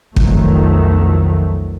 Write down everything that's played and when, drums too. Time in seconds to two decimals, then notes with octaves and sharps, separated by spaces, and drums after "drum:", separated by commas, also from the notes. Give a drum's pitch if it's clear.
0.16 B1 F2 D#3 F#3 A3, drum: kick